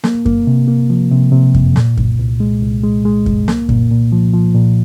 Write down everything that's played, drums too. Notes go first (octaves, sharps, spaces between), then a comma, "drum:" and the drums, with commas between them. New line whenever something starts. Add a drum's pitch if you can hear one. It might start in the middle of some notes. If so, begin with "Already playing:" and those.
A#3, drum: snare
A#3, drum: kick F#2
C3
A#3
F3
C3
C3
F2, drum: kick F#2
A#2, drum: snare
C2, drum: kick F#2
C2
G#3
C2
G#3
G#3
C2, drum: kick F#2
A#3, drum: snare
A#2, drum: kick F#2
A#2
F3
F3
A#2